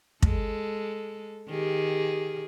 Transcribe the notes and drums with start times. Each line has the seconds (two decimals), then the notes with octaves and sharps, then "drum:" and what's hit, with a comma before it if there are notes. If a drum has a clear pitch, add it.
0.22 G#3 A4, drum: kick
1.49 D#3 G4 G#4